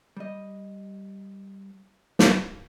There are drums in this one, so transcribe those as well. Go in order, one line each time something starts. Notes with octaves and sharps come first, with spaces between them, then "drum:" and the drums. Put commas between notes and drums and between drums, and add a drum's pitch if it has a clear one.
G3 D#5
drum: snare